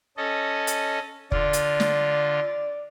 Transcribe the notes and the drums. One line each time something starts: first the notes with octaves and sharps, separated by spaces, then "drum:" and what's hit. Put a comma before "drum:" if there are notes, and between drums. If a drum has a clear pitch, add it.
C#4 A4 D#5
drum: hi-hat
D3 F4 D5, drum: kick F1
drum: hi-hat
drum: snare